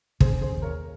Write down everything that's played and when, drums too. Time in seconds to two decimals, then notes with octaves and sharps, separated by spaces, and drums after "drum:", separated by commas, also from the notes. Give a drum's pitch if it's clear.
0.20 C#3 G#4 C5, drum: kick
0.41 G#4 C5
0.52 D#2
0.62 A#4 C#5